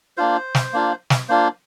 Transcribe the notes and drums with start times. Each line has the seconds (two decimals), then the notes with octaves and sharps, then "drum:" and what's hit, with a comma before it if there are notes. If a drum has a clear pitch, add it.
0.17 A#3 D4 F4 C5
0.55 drum: snare
0.73 A#3 D4 F4
1.10 drum: snare
1.28 A#3 D4 F4 C5